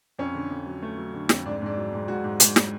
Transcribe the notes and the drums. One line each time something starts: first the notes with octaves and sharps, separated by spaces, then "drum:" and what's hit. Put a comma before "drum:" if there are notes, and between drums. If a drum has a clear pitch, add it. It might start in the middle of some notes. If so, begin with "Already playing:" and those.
F2 C#4
D3
F2
F#3
A3
F#3
D3
F2, drum: snare
G#2 D4
G#2 D4
F#3
G#2
G#2 F#4
G#2
G#2, drum: hi-hat
drum: snare